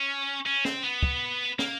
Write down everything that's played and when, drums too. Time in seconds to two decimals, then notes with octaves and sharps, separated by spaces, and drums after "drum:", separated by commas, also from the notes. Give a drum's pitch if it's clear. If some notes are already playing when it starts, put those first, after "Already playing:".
Already playing: C#4
0.46 C#4
0.65 C4, drum: snare
0.83 B3
1.03 drum: kick
1.59 A#3, drum: snare